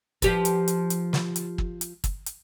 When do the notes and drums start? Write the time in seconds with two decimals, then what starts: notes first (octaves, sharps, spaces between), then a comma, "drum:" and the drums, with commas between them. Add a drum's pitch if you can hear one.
0.22 F3 G4 B4, drum: kick, hi-hat
0.45 drum: hi-hat
0.68 drum: hi-hat
0.90 drum: hi-hat
1.13 drum: snare
1.36 drum: hi-hat
1.58 drum: kick
1.81 drum: hi-hat
2.04 drum: kick, hi-hat
2.26 drum: hi-hat